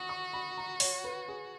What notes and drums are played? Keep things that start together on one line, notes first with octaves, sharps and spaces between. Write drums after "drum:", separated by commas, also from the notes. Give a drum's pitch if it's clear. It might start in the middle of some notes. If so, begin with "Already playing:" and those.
Already playing: F#4 D#6
C#6
B5
A#5
C#5, drum: open hi-hat
B4
G#4